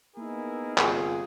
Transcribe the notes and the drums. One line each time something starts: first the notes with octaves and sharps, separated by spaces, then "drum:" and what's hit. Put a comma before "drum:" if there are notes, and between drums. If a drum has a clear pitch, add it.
A#3 B3 D#4 E4 G#4 A#4
G1 C3 F4 G#4, drum: clap